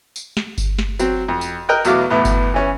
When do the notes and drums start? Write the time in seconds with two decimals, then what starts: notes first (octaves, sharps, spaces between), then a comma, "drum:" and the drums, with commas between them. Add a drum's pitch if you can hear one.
0.16 drum: tambourine
0.37 drum: snare
0.58 drum: kick G1, tambourine
0.79 drum: snare
0.99 F#3 C4, drum: tambourine
1.28 F2
1.41 drum: tambourine
1.69 A#4 D#5 G5 F#6
1.85 E2 B2 F#3 A3 F5 D6, drum: tambourine
2.10 E2 A2 B3
2.25 drum: kick G1, tambourine
2.54 E3 C#4